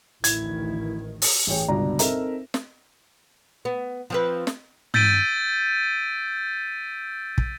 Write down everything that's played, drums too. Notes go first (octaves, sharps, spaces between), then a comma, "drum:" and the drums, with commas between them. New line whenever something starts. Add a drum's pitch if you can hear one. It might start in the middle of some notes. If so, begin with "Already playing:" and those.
A1 D2 D#3 E4 G#6, drum: hi-hat
drum: open hi-hat
A1 G#4 C#5 G5
G1 C#2 G2 B2 D4 A#5
C4 D#4 A4 A#4 E5 A#5, drum: hi-hat
drum: snare
B3
F3 C4 B4
drum: snare
E6 G6 A6 B6 D7 D#7, drum: tom
drum: kick